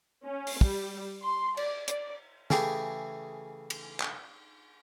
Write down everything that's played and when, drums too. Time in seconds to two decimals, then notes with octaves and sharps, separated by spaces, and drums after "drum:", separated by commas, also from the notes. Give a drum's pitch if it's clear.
0.24 C#4
0.47 drum: open hi-hat
0.61 G3, drum: kick
1.23 C6
1.57 D5, drum: cymbal
1.88 D5, drum: hi-hat
2.50 C#3 E3 A3 G4 G#4, drum: snare
3.70 drum: cymbal
4.00 drum: clap